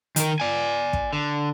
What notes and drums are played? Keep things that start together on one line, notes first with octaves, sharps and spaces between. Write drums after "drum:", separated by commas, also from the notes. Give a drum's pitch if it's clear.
D#3 A#4, drum: hi-hat
D5 G#5
drum: kick
D3